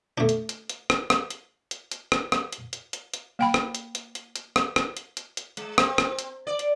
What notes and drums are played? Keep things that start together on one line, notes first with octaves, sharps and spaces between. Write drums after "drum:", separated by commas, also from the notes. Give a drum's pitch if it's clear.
A3 D4
drum: hi-hat
drum: hi-hat
drum: hi-hat
drum: rim click
drum: rim click
drum: hi-hat
drum: hi-hat
drum: hi-hat
drum: rim click
drum: rim click
drum: hi-hat
drum: hi-hat
drum: hi-hat
drum: hi-hat
A#3 G5 B5
drum: rim click
drum: hi-hat
drum: hi-hat
drum: hi-hat
drum: hi-hat
drum: rim click
drum: rim click
drum: hi-hat
drum: hi-hat
drum: hi-hat
G#3, drum: hi-hat
C4, drum: rim click
drum: rim click
drum: hi-hat
D5
drum: hi-hat